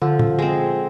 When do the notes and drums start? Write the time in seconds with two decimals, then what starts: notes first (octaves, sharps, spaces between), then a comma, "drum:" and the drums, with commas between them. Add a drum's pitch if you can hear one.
0.02 D3 F3
0.19 drum: tom
0.39 G#3 C4